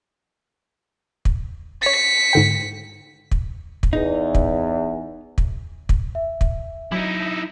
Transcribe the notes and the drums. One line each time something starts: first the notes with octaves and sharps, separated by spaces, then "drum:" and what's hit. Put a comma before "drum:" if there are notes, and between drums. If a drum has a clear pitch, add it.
drum: kick
C#5 A6 B6 C#7
G#2 D3 G5
drum: kick
drum: kick
E2 D#4
drum: kick
drum: kick
drum: kick
E5
drum: kick
F#3 D#4 E4